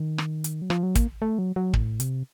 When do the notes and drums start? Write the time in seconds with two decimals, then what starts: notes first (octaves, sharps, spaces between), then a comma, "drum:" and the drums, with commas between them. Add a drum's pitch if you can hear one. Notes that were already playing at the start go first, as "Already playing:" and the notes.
Already playing: D#3
0.18 drum: rim click
0.44 drum: hi-hat
0.62 F#3
0.70 F3, drum: rim click
0.83 F#3
0.95 A#3, drum: kick, hi-hat
1.22 A3
1.39 F#3
1.56 F#3
1.74 A2, drum: kick
2.00 C3, drum: hi-hat